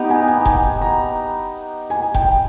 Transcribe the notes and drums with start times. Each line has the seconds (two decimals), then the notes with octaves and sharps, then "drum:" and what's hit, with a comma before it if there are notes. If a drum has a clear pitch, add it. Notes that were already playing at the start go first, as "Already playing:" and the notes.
Already playing: B3 D#4 G4
0.10 G#5
0.28 G#5
0.45 G#5, drum: kick F1
0.81 A#5
1.90 G#5
2.14 G5, drum: kick F1